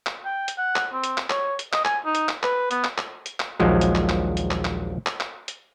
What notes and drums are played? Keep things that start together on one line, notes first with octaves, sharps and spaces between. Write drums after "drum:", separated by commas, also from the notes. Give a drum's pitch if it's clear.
drum: clap
G5
drum: hi-hat
F#5
drum: clap
C4
drum: hi-hat
drum: clap
C#5, drum: clap
drum: hi-hat
D#5, drum: clap
G#5, drum: clap
D#4
drum: hi-hat
drum: clap
B4, drum: clap
B3, drum: hi-hat
drum: clap
drum: clap
drum: hi-hat
drum: clap
A#1 D#2 F3 F#3 G#3
drum: hi-hat
drum: clap
drum: clap
drum: hi-hat
drum: clap
drum: clap
drum: clap
drum: clap
drum: hi-hat